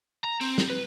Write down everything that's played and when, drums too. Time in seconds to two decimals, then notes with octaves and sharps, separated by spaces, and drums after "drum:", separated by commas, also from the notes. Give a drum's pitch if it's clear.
0.24 A#5
0.41 C4, drum: open hi-hat
0.58 drum: snare
0.70 B4